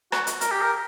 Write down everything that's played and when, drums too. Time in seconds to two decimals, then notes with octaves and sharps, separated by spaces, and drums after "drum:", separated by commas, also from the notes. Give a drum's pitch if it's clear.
0.12 F#4, drum: rim click
0.27 drum: hi-hat
0.41 A#4, drum: hi-hat
0.51 G4
0.62 A#4